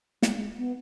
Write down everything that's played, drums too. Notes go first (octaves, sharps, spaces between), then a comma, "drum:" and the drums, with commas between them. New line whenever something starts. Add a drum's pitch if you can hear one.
G#3, drum: snare
B3